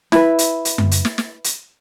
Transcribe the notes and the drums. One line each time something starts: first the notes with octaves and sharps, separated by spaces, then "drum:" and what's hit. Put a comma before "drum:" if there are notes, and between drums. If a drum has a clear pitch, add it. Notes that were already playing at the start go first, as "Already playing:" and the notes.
E4 B4, drum: snare
drum: hi-hat
drum: hi-hat
drum: tom F#2
drum: hi-hat
drum: snare
drum: snare
drum: hi-hat